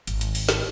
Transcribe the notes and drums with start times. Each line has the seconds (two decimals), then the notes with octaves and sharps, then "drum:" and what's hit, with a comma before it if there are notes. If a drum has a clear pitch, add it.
0.07 G#1, drum: hi-hat
0.21 drum: hi-hat
0.35 drum: open hi-hat
0.49 drum: snare